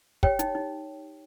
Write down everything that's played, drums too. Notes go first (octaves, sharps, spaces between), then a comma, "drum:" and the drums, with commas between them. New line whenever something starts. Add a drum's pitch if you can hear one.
G4 C#5 G5, drum: kick
D#4, drum: hi-hat
D#4